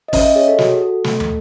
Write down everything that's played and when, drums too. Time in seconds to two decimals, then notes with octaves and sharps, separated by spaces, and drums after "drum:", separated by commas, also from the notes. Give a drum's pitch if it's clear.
0.08 D#5
0.13 C#4 E5, drum: kick, open hi-hat
0.24 D#5
0.36 G#4 C#5
0.48 A4
0.58 F#4, drum: snare
0.82 A4
1.04 A3 A4, drum: snare
1.20 drum: tom